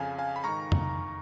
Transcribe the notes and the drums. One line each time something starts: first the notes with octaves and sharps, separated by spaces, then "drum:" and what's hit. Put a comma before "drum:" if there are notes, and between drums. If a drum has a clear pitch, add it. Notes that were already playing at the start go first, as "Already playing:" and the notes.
Already playing: F2 C#3 F5 G#5
F5 G#5
B5
G#2 D#3 A#5 C#6
drum: tom F2